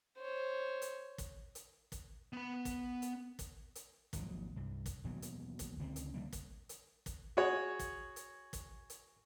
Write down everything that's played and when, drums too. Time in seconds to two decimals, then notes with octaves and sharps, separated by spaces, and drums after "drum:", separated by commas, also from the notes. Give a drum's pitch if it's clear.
0.18 C5 C#5
0.82 drum: hi-hat
1.18 drum: kick, hi-hat
1.55 drum: hi-hat
1.92 drum: kick, hi-hat
2.33 B3 B5
2.65 drum: kick, hi-hat
3.02 drum: hi-hat
3.39 drum: kick, hi-hat
3.75 drum: hi-hat
4.13 G#1 D#2 F3 F#3, drum: kick, hi-hat
4.56 C2 G2
4.86 drum: kick, hi-hat
5.04 D#2 B2 E3 F#3
5.22 drum: hi-hat
5.59 drum: kick, hi-hat
5.79 C#2 D3 G#3 C4
5.96 drum: hi-hat
6.14 D3 F3 G3 A#3
6.33 drum: kick, hi-hat
6.69 drum: hi-hat
7.06 drum: kick, hi-hat
7.37 F#4 G#4 C#5
7.79 drum: kick, hi-hat
8.16 drum: hi-hat
8.53 drum: kick, hi-hat
8.90 drum: hi-hat